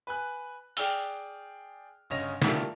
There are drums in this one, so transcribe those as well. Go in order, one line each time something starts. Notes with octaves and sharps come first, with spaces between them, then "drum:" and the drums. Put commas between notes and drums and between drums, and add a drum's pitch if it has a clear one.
B4 G#5 F#6
G#4 D5 G5 E6 F6, drum: open hi-hat
G1 C#3 C#4 D#5 A#6 F7
D3 G3 A3 E4 F4 A#4, drum: snare